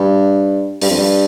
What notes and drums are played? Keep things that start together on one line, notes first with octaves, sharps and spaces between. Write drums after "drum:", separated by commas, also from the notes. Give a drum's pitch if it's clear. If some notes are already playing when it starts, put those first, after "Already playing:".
Already playing: G2
G2, drum: open hi-hat
F2
G2